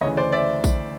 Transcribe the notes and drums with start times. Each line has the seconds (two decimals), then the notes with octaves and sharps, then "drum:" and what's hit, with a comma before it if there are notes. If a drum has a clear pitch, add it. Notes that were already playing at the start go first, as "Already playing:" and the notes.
0.01 D2 C#3 E3 C#5 D#5
0.17 C5 D5
0.32 D5 E5
0.64 drum: kick A#1, tambourine